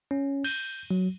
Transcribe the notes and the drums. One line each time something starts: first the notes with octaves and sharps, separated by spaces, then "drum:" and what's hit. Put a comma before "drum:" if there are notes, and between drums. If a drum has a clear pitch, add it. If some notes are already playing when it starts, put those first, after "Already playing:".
C#4
G6, drum: cymbal
F#3